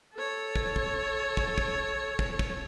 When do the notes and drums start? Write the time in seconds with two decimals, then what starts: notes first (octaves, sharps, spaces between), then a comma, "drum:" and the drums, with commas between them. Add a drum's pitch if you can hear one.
0.15 A4 C#5
0.56 drum: kick
0.76 drum: kick
1.37 drum: kick
1.58 drum: kick
2.19 drum: kick
2.39 drum: kick